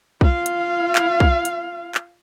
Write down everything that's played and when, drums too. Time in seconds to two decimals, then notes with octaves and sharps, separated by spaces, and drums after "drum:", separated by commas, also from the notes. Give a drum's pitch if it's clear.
0.21 F4 F5, drum: kick B1
0.46 drum: hi-hat
0.96 drum: clap
1.20 drum: kick B1
1.45 drum: hi-hat
1.95 drum: clap